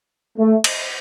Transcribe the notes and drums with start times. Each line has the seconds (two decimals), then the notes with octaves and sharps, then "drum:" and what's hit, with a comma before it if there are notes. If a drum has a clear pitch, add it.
0.38 A3
0.64 drum: cymbal